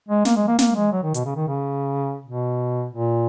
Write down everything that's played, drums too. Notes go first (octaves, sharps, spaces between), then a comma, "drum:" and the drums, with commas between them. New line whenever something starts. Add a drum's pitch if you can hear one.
G#3
A#3, drum: snare
G#3
A#3
A#3, drum: snare
G#3
F#3
D#3
B2, drum: hi-hat
C#3
D#3
C#3
B2
A#2